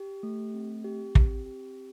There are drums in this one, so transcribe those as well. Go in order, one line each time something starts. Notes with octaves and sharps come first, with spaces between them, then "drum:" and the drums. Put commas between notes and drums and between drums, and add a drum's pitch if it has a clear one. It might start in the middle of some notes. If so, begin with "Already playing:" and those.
Already playing: G4
A3
C4
G4
C4, drum: kick
G4